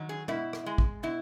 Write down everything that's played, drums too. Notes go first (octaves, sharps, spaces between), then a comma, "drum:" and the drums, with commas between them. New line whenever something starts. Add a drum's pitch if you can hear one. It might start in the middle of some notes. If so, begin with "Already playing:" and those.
Already playing: D#3 F#3
G#4
B2 E4, drum: tom
drum: rim click
G#3
drum: kick
B2 E4